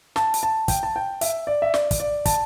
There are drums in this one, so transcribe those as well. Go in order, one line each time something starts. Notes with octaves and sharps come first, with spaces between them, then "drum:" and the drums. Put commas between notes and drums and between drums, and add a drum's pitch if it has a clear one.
A5, drum: snare
drum: hi-hat
A5
G5, drum: kick, hi-hat
A5
G5
E5, drum: hi-hat
D5
E5
D5, drum: snare
drum: kick, hi-hat
D5
A5, drum: kick, hi-hat